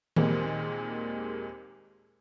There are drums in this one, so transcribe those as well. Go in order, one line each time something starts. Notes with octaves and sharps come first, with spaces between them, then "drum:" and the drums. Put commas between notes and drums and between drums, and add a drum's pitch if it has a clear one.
D#2 A#2 G3 G#3 A#3 C4, drum: tom D#3